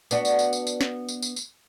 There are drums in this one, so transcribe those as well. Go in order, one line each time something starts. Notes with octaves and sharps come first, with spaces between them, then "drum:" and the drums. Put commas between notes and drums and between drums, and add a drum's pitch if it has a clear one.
B3 D4 F#4, drum: tambourine
drum: tambourine
drum: tambourine
drum: tambourine
drum: tambourine
drum: snare
drum: tambourine
drum: tambourine
drum: tambourine